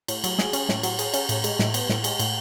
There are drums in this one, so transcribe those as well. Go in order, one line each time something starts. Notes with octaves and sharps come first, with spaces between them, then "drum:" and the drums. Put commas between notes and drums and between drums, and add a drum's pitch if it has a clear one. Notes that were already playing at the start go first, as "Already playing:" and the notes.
A2, drum: cymbal
F#3, drum: cymbal
G#4, drum: snare
C#4, drum: cymbal
A2, drum: snare
F#3, drum: cymbal
G#4, drum: cymbal
C#4, drum: cymbal
A2, drum: cymbal
G#3, drum: cymbal
A2, drum: snare
B3, drum: cymbal
A2, drum: snare
G#3, drum: cymbal
A2, drum: cymbal